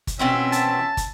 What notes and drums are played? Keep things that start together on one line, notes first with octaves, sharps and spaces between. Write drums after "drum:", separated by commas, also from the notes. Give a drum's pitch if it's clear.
drum: kick, hi-hat
B2 C4 C#4 F#4 E5
A5, drum: hi-hat
drum: kick, hi-hat